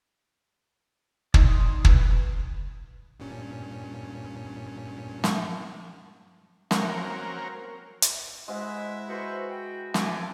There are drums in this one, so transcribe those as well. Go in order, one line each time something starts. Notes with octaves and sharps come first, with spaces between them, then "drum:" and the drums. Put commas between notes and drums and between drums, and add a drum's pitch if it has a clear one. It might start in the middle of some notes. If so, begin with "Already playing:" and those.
D#4 D5 C6 D#6, drum: kick
B4, drum: kick
G2 A#2 C#4
drum: snare
A#3 C4 C#4 F#4 A#4, drum: snare
drum: hi-hat
G#3 E4 C5 D#5 F#5
F#4 B4 C5 D#5 C6 C#6
G5
C4 F4 B4 G#5 A5 D6, drum: snare